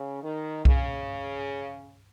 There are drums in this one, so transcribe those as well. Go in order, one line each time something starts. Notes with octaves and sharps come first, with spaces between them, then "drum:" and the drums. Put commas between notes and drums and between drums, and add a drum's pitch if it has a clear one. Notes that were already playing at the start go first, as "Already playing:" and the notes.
Already playing: C#3
D#3
C#3, drum: kick C2